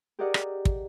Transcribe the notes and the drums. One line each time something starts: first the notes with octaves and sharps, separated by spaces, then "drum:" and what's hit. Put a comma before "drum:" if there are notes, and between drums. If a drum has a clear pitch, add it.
G4 G#4 A#4 D5 D#5 F#5
drum: rim click
drum: kick